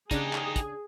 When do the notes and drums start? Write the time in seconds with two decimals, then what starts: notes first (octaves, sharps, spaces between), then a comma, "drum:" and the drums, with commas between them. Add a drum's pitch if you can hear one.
0.11 C#3 D4 D#4 G4 G#4, drum: kick, hi-hat
0.33 drum: clap
0.56 drum: kick, hi-hat